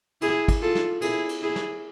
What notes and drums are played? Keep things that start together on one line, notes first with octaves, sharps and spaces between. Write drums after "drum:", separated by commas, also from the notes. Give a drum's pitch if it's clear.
E4 G#4, drum: cymbal
drum: kick, cymbal
F4 A4
drum: snare
E4 G#4, drum: cymbal
drum: cymbal
E4 G#4
drum: snare